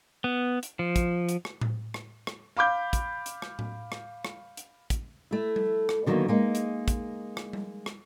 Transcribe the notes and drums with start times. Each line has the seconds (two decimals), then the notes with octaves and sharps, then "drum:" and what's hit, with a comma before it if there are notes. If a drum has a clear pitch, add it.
0.24 B3
0.63 drum: hi-hat
0.79 F3
0.96 drum: kick, hi-hat
1.29 drum: hi-hat
1.45 drum: rim click
1.61 drum: tom A2
1.94 drum: rim click
2.27 drum: rim click
2.57 F5 B5 D6 G6
2.93 drum: kick, hi-hat
3.26 drum: hi-hat
3.42 drum: rim click
3.59 drum: tom A2
3.92 drum: rim click
4.25 drum: rim click
4.57 drum: hi-hat
4.90 drum: kick, hi-hat
5.31 A3 E4
5.56 drum: tom G3
5.89 drum: rim click
6.06 D3 D#3 F#3 G#3 A#3 B3
6.28 G#3 A#3 D#4
6.55 drum: hi-hat
6.88 drum: kick, hi-hat
7.37 drum: rim click
7.53 drum: tom G3
7.86 drum: rim click